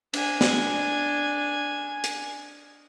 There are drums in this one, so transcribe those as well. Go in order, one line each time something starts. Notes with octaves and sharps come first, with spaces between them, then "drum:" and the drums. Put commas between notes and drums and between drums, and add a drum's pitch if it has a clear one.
D4 G#5, drum: cymbal
drum: snare
drum: hi-hat